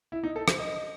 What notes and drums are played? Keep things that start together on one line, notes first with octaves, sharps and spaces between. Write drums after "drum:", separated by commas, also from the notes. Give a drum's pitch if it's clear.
E4
D#4
A4
C5, drum: rim click
D#5